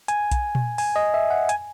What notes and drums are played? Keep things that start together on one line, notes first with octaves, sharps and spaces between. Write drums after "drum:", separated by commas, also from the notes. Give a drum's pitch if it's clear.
G#5, drum: hi-hat
drum: kick B1, hi-hat
drum: tom A#2
G#5, drum: open hi-hat
D#5
E5
F#5
G#5, drum: hi-hat